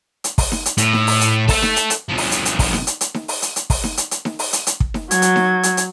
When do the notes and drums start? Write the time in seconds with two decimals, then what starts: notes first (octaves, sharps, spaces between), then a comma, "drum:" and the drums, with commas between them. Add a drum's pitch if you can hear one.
0.24 drum: hi-hat
0.38 drum: kick, open hi-hat
0.52 drum: snare D#4
0.66 drum: hi-hat
0.78 A2, drum: hi-hat
0.93 drum: snare D#4
1.07 drum: open hi-hat
1.21 drum: hi-hat
1.49 A4 E5, drum: kick, open hi-hat
1.62 drum: snare D#4
1.76 drum: hi-hat
1.90 drum: hi-hat
2.09 B2 F3
2.18 drum: open hi-hat
2.31 drum: hi-hat
2.45 drum: hi-hat
2.59 drum: kick, open hi-hat
2.73 drum: snare D#4
2.87 drum: hi-hat
3.01 drum: hi-hat
3.14 drum: snare D#4
3.28 drum: open hi-hat
3.42 drum: hi-hat
3.56 drum: hi-hat
3.70 drum: kick, open hi-hat
3.84 drum: snare D#4
3.97 drum: hi-hat
4.11 drum: hi-hat
4.25 drum: snare D#4
4.39 drum: open hi-hat
4.53 drum: hi-hat
4.67 drum: hi-hat
4.80 drum: kick
4.94 drum: snare D#4
5.11 F#3 G#6, drum: hi-hat
5.22 drum: hi-hat
5.36 drum: snare D#4
5.63 drum: hi-hat
5.77 drum: hi-hat